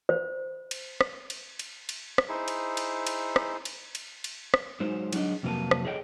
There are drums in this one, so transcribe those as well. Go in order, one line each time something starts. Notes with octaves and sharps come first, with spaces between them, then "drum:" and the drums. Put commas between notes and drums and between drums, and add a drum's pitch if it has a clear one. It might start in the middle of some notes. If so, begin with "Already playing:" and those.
C5
drum: cymbal
drum: rim click
drum: cymbal
drum: cymbal
drum: cymbal
drum: rim click
D#4 E4 G#4 C5
drum: cymbal
drum: cymbal
drum: cymbal
drum: rim click
drum: cymbal
drum: cymbal
drum: cymbal
drum: rim click
F#3 G#3 D#4 C5
F3 F#3 G#3 D4 D#5, drum: cymbal
F2 C3 F#3 A#3 B4 A5
drum: rim click
G#4 A4 C#5 D#5 E5 G5